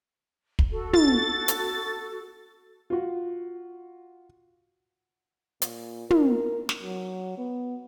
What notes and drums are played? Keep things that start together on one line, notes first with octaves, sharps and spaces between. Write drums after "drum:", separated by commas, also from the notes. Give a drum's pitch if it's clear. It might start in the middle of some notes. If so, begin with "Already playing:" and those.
drum: kick
F#4 A4
A6, drum: tom
drum: hi-hat
F4 F#4
A#2, drum: hi-hat
A#4, drum: tom
drum: snare
F#3
B3